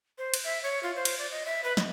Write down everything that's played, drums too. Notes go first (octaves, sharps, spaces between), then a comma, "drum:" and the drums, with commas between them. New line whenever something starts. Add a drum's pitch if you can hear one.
C5
drum: cymbal
E5
C#5
F4
C5
drum: cymbal
D5
D#5
E5
B4
D#5, drum: snare